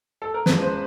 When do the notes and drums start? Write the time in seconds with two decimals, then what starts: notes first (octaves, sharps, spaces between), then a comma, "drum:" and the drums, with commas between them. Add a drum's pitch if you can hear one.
0.22 A4
0.34 A#4
0.46 E2 C#3 F3 G#3 B4, drum: snare
0.62 C5